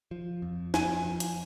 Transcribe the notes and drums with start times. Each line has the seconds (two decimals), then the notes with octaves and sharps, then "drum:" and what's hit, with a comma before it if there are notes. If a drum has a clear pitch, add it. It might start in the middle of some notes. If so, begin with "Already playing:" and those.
0.11 F3
0.42 F2
0.74 F2 G#5, drum: snare
1.05 F3
1.20 drum: hi-hat